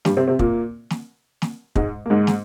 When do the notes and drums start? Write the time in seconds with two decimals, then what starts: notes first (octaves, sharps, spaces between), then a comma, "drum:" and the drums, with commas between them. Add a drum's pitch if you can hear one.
0.05 G2 G3, drum: snare
0.17 C3 C4
0.28 C3 C4
0.39 A#2 A#3, drum: kick
0.90 drum: snare
1.42 drum: snare
1.76 G#2 G#3, drum: kick
2.06 A#3
2.10 G#2 G#3
2.27 drum: snare